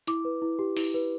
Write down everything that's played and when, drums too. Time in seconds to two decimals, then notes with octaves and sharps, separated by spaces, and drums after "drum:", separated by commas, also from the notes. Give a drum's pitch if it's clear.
0.07 E4 D6, drum: hi-hat
0.25 B4
0.42 E4
0.59 G4
0.77 E4, drum: open hi-hat
0.94 B4